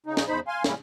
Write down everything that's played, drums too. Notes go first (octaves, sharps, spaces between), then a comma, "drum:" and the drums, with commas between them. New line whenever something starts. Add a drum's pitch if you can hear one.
C#3 D#4
drum: snare
E2 D#4 C5 B5
F5 G#5 C6
G3 G#3 A#3 C#4 E4, drum: snare